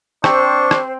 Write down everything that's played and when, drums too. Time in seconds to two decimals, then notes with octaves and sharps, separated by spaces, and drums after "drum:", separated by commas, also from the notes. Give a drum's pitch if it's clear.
0.24 C4 D4 C5 G5 C#6, drum: rim click
0.71 drum: rim click